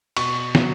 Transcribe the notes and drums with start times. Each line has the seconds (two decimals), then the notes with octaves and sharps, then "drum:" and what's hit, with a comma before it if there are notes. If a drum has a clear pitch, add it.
0.17 B2 C#6, drum: cymbal
0.55 F#3, drum: snare